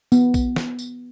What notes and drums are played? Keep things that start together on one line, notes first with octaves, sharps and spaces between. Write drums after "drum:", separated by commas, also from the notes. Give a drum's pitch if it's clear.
B3, drum: tambourine
drum: kick A#1, tambourine
drum: snare
drum: tambourine